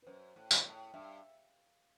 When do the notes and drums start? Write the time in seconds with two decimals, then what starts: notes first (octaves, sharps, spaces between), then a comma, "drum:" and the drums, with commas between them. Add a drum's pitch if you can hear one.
0.02 B4
0.07 F#2 C5
0.36 A2
0.51 C#5, drum: tambourine
0.59 G#2
0.65 A2
0.94 G2 E5